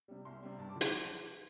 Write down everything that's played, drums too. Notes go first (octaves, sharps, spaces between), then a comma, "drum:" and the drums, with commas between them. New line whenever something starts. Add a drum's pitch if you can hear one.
C3 G3
C2 C6
C3 G3
G2 A5
D6
D3 F3
C6, drum: hi-hat